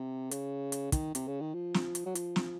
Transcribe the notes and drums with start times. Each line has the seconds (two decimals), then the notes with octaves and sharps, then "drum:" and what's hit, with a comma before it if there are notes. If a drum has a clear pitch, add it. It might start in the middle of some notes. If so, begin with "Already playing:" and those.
Already playing: C3
0.31 C#3, drum: hi-hat
0.72 drum: hi-hat
0.92 D#3, drum: kick, hi-hat
1.15 C3, drum: hi-hat
1.27 C#3
1.41 D#3
1.54 F3
1.74 drum: snare
1.95 drum: hi-hat
2.06 F#3
2.15 F3, drum: hi-hat
2.36 drum: snare